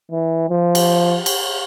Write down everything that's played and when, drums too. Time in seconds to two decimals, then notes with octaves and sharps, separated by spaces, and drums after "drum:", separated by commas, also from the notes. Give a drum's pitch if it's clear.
0.11 E3
0.50 F3
0.75 drum: cymbal
1.26 drum: cymbal